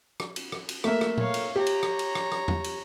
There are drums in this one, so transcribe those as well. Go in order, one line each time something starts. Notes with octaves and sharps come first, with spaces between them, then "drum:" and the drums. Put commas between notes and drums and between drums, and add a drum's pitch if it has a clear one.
drum: rim click
drum: cymbal
drum: rim click
drum: cymbal
A3 A#3 E5, drum: rim click
drum: rim click
C#5 F5, drum: tom A#2
drum: cymbal
G4 C#5 A#5
drum: cymbal
drum: rim click
drum: cymbal
drum: rim click
drum: rim click
drum: tom E2
drum: cymbal